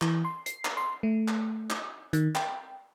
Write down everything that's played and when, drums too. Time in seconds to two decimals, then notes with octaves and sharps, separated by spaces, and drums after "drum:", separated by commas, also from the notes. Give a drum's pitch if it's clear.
0.02 E3, drum: clap
0.25 C6
0.46 C7, drum: hi-hat
0.65 drum: clap
0.77 C6
1.03 A3
1.28 drum: clap
1.70 drum: clap
2.13 D#3, drum: hi-hat
2.35 G5, drum: clap